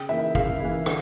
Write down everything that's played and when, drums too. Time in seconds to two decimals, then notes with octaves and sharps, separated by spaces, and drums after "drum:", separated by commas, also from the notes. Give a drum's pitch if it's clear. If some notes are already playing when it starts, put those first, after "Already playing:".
Already playing: C#3 G5
0.09 E3 A#3 E4 E5
0.35 C#3 F5, drum: kick
0.60 E3 A#3 E4
0.86 D3, drum: rim click